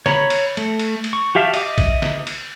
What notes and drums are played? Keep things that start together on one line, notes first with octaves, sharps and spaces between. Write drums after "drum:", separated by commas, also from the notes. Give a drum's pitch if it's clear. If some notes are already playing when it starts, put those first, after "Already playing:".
C#5 A#5 B5, drum: snare
drum: cymbal
A3, drum: cymbal
drum: cymbal
drum: cymbal
C#6
F#4 G4 E5 F5 A5
D#5 E5 D6, drum: cymbal
drum: kick, cymbal
drum: snare
drum: cymbal